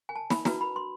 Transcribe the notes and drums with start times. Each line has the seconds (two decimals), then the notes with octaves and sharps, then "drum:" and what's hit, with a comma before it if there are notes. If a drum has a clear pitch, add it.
0.09 G#5
0.16 A5
0.30 B5, drum: snare
0.45 D4 F#4 B4 A#5, drum: snare
0.61 B5
0.76 C6